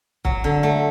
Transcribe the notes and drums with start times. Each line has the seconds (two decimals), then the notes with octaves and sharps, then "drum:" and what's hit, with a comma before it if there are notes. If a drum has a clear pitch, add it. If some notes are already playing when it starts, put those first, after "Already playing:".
0.25 F#3, drum: kick C#1
0.44 D3
0.63 A3